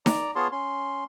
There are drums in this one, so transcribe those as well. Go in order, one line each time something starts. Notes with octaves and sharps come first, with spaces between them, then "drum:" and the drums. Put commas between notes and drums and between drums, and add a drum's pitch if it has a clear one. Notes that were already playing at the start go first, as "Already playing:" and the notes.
D5 A#5, drum: snare D#4
B3 F4 G#4 C#5 A5 C6
C#4 C6